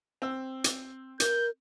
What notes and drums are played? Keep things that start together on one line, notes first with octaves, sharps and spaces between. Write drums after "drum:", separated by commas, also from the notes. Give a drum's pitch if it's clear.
C4 E6
drum: hi-hat
A#4 G6, drum: hi-hat